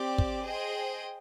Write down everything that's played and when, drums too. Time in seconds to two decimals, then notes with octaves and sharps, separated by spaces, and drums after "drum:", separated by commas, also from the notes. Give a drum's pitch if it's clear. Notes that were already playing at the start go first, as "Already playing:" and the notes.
Already playing: C4 G4 D5
0.18 drum: kick
0.46 G#4 C5 D#5 G5